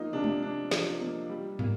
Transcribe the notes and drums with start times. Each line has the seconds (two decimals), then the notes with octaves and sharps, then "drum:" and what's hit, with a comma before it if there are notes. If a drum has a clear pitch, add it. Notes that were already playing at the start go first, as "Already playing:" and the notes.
Already playing: F3 A#3 D#4 F4
0.13 C3 D4
0.24 drum: tom G#3
0.42 D4
0.71 F3, drum: snare
1.01 A#3
1.29 G3
1.59 A#3, drum: tom